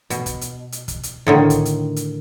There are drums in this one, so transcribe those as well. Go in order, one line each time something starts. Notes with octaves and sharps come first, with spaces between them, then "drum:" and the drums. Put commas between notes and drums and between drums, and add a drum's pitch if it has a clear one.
B2, drum: hi-hat
drum: kick, hi-hat
drum: hi-hat
drum: hi-hat
drum: kick, hi-hat
drum: hi-hat
A2 D3 D#3
drum: kick, hi-hat
drum: hi-hat
drum: hi-hat